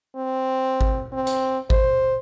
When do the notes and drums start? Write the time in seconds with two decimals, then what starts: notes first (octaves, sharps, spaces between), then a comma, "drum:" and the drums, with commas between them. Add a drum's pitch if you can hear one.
0.16 C4
0.81 drum: kick G#1
1.12 C4
1.27 drum: hi-hat
1.70 C5, drum: kick G#1